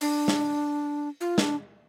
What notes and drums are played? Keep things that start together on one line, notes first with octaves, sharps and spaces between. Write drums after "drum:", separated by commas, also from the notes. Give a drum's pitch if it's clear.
D4, drum: open hi-hat
drum: snare
F4
D4, drum: snare